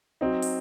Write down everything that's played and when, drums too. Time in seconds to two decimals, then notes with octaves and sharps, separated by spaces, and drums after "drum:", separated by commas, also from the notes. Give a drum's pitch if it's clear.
0.21 F#3 C4 D#4
0.42 drum: open hi-hat